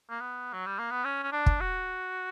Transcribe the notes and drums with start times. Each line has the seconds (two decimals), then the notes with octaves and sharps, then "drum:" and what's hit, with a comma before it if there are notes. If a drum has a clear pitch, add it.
0.10 A#3
0.21 B3
0.53 F#3
0.66 G3
0.79 A#3
0.91 B3
1.05 C#4
1.23 C#4
1.32 D4
1.46 drum: kick
1.60 F#4